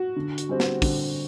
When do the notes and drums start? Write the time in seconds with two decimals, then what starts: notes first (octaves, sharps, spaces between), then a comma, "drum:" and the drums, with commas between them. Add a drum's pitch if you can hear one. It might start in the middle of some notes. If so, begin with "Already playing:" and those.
Already playing: F#4
0.16 D3
0.38 drum: hi-hat
0.49 G3 C4
0.60 drum: snare
0.82 D3, drum: kick, open hi-hat